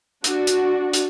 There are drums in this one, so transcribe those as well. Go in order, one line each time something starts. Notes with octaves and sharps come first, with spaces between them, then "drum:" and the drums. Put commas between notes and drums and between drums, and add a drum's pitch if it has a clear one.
D4 F#4, drum: hi-hat
drum: hi-hat
drum: hi-hat